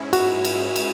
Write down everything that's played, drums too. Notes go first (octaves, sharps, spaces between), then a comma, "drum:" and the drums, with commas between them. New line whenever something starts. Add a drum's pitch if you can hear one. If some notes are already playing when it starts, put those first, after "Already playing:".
Already playing: G#2 G#3 C#4 E4
F#4, drum: cymbal
drum: cymbal
drum: cymbal